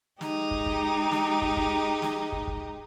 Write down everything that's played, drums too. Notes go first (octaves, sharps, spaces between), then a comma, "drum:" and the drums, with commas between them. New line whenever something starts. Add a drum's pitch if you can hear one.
G#3 D#4 G4, drum: snare
drum: kick
drum: kick
drum: snare
drum: kick
drum: kick
drum: snare
drum: kick
drum: kick